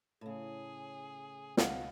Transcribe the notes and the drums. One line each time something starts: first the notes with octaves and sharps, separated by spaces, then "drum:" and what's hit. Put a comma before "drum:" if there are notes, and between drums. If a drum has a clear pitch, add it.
A2 C#3 G#4
C#2 B2 F5 F#5, drum: snare